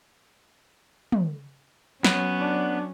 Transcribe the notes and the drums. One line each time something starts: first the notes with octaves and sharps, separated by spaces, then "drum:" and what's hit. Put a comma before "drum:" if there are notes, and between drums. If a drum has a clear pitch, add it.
drum: tom
F#3 B3 C#4, drum: snare
D4